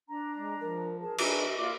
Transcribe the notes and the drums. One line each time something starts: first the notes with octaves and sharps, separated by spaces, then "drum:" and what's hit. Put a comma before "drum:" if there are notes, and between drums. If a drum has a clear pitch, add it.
D4 A#5
G#3
F3 A#4
G#4 A#4 A5
D4 G#4 B4 D#5 E5 A#5, drum: cymbal
A#3 F4 D5 E5 D6